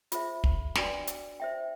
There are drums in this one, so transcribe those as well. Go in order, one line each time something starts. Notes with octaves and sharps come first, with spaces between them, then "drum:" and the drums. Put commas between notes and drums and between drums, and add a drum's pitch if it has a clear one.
F4 G#4 C5 E5, drum: hi-hat
drum: kick
D4 F#4 B4 D5 G5, drum: snare
drum: hi-hat
C5 E5 G5